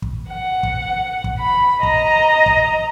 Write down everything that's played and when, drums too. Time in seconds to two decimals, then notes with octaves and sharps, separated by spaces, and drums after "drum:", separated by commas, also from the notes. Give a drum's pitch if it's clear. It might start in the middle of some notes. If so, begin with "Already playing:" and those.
0.02 drum: kick
0.29 F#5
0.63 drum: kick
1.24 drum: kick
1.39 B5
1.83 D#5 A#5, drum: kick
2.46 drum: kick